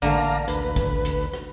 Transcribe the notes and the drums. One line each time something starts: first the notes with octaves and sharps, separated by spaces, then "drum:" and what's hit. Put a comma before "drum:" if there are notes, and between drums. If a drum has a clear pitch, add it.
A1 D3 A3 A#3 D5 F5 A#5
D2 B4, drum: hi-hat
drum: kick, hi-hat
drum: hi-hat
drum: rim click